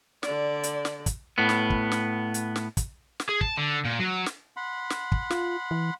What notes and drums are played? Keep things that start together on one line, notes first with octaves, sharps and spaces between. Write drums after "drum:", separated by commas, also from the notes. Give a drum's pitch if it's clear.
D3 D5, drum: snare
drum: hi-hat
drum: snare
drum: kick, hi-hat
A2 B3
drum: snare
drum: kick
drum: snare
drum: hi-hat
drum: snare
drum: kick, hi-hat
drum: snare
G#4
A5, drum: kick
D3
A#2
F#3
drum: snare
F#5 B5 C6
drum: snare
drum: kick
F4, drum: snare
E3